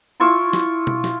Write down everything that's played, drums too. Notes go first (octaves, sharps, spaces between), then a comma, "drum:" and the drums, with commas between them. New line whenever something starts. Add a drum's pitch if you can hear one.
E4 F4 C#6 E6
drum: snare
drum: tom B2
drum: snare